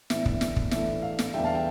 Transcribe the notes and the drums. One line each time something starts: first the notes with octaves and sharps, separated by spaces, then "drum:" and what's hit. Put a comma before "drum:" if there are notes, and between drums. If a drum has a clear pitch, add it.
A2 E3 B3 D4 E5, drum: snare
E5, drum: kick
drum: snare
drum: kick
A2 E3 A3 D4 E5, drum: snare
F5
drum: snare
E2 D3 G3 D4 E5 G5
F5 A5
E5 G5